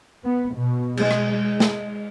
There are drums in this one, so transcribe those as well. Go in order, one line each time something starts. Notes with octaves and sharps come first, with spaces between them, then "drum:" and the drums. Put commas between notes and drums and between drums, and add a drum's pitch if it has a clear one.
B3
B2
G#3, drum: cymbal
drum: rim click
G#3
drum: snare